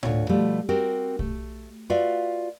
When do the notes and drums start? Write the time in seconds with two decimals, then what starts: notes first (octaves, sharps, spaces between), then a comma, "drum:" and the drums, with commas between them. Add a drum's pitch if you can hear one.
0.03 D2 D4 F4 C#5, drum: tom A2
0.29 B2 F3 G3 A3
0.69 C4 F#4 G4 A#4
1.19 A3, drum: kick
1.90 F4 F#4 B4 D5 E5 F5